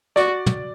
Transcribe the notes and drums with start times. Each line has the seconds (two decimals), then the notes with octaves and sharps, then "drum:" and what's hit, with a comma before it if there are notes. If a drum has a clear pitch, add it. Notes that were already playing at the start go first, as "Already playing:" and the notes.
0.16 F#4 D5, drum: rim click
0.46 drum: tom